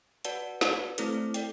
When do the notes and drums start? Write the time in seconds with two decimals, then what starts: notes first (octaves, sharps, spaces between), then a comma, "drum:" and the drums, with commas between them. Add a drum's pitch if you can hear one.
0.25 F#4 B4 D5 F#5 A5, drum: hi-hat
0.61 F#4 B4 D5 A5, drum: snare
0.98 A3 C4 E4 A4 C5, drum: hi-hat
1.34 A4 D5 G5, drum: hi-hat